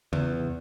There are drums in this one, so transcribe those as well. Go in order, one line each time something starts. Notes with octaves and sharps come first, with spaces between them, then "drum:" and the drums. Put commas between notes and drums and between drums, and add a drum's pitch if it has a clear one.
E2, drum: tom C#3